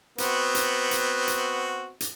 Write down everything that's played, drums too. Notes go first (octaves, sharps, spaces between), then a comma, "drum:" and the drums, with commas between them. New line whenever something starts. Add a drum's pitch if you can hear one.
B3 C4 F#4, drum: hi-hat
drum: hi-hat
drum: hi-hat
drum: hi-hat
drum: hi-hat